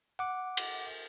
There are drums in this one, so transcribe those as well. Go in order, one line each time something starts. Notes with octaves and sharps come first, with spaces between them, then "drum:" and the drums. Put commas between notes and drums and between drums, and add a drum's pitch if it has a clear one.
F#5 D6
drum: cymbal